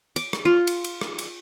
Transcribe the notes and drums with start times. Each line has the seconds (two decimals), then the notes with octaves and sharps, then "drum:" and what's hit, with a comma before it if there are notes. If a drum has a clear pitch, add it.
0.16 D6, drum: cymbal
0.33 drum: rim click
0.45 F4
0.67 drum: cymbal
0.84 drum: cymbal
1.01 drum: rim click
1.18 drum: cymbal